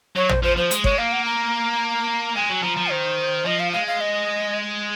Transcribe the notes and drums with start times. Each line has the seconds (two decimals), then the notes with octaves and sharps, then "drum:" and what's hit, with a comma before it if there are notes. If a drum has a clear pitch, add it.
0.16 F#3 C#5
0.29 C5, drum: tom
0.43 F3 C5
0.57 F3 C5
0.71 G#3, drum: hi-hat
0.84 G#3 C#5, drum: kick G1
0.98 A#3 F5
1.12 F#5
1.25 A#5
2.36 G#3 G#5
2.50 F#3
2.63 F3 A#5
2.77 F3
2.90 D#3 C5
3.46 F3 D#5
3.60 F5
3.73 G#3 F5
3.87 F5
4.01 D#5